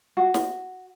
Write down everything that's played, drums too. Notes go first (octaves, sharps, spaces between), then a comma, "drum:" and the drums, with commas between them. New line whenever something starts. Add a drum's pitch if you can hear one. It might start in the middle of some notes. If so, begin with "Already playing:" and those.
F#4
drum: snare